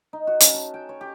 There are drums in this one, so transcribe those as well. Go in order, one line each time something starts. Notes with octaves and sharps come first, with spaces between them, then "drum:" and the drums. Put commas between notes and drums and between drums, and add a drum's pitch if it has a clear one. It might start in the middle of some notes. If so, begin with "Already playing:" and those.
D#4
F#4
C#4, drum: hi-hat
A5
G5
C#5
G4